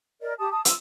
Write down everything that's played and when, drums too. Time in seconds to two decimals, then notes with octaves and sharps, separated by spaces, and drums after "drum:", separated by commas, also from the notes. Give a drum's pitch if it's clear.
0.21 A#4 D5 D#5
0.39 G4 A5 D#6
0.51 A5 D#6
0.65 F4 E6, drum: hi-hat